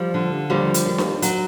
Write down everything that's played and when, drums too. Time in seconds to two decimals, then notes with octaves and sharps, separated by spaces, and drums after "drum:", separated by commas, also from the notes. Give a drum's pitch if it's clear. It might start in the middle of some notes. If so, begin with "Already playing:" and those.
Already playing: F3 G3
0.14 D3
0.50 D#2 F3 G3
0.74 drum: hi-hat
0.86 D#2
0.98 drum: snare D4
1.22 F#3, drum: hi-hat